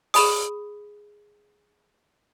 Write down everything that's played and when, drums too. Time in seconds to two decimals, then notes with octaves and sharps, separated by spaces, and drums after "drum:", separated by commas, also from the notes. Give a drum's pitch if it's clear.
0.14 G#4 B5 D#6, drum: open hi-hat